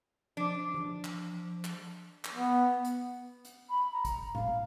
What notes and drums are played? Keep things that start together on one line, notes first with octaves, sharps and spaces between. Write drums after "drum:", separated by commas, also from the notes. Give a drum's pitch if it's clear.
F3 D4
drum: tom E3
drum: clap
drum: clap
drum: clap
B3
drum: hi-hat
drum: hi-hat
B5
A#5
drum: kick, hi-hat
F5, drum: tom A2